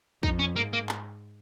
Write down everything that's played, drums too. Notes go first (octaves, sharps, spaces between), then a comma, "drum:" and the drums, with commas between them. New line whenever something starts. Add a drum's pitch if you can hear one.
F2 D#4, drum: kick
C#4
G#2 A#3
A#3
drum: clap